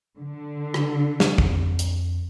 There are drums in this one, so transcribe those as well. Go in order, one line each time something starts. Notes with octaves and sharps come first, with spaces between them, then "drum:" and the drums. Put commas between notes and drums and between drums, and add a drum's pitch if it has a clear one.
D3
drum: rim click
drum: snare
F2, drum: kick
drum: hi-hat